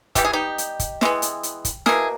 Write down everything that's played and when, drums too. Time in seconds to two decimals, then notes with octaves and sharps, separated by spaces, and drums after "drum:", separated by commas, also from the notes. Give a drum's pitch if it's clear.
0.15 E3 G3 B3 G4, drum: kick, hi-hat
0.24 G#4
0.33 D#4 G4
0.58 drum: hi-hat
0.79 drum: kick, hi-hat
1.01 E3 G#3 B3, drum: snare
1.22 drum: hi-hat
1.43 drum: hi-hat
1.65 drum: kick, hi-hat
1.86 B2 A#3 E4 G#4, drum: snare